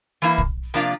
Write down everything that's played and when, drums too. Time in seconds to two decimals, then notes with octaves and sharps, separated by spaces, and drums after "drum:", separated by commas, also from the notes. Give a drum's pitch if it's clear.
0.22 E3 A#3 E4
0.38 drum: kick
0.74 C3 F3 A#3 D4 F4